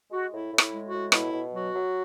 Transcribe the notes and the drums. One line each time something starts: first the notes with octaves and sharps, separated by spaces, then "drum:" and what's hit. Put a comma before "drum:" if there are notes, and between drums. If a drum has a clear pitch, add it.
G#3 F#4
A2 E4
A2
E4, drum: rim click
G#3
F#4
A2
B2 E4, drum: rim click
B2
F#3 F#4
F#3